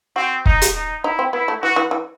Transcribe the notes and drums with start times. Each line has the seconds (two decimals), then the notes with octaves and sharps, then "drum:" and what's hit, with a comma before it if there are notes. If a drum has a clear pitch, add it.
0.16 C4 F#4
0.46 D#4, drum: kick
0.62 drum: hi-hat
0.75 D#4
1.04 D#4 E4
1.19 C4
1.33 B3 E4
1.48 A3
1.62 E3 F#4
1.76 E3
1.91 E3